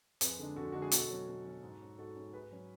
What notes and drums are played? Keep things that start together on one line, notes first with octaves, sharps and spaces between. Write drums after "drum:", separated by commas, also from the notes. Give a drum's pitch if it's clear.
F2 G#4 B4, drum: hi-hat
D3 G#3 D4
F2 F#4 A4
D3 G#3 D4 F#4
G#4
B2 F#4 A4, drum: hi-hat
F#3 C#4
B2
F#3 C#4
G#2
G#3 C#4
G#2 F#4 A4
G#3 C#4
G#2 G#4 B4
F#3 C#4